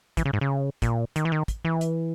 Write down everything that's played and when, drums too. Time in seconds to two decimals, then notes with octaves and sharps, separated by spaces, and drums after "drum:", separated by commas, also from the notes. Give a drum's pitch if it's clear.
0.17 E3, drum: kick, hi-hat
0.25 C#3
0.33 G#2
0.41 C#3
0.82 A#2, drum: kick, hi-hat
1.16 D#3, drum: hi-hat
1.25 E3
1.32 D#3
1.48 drum: kick, hi-hat
1.65 E3
1.81 drum: hi-hat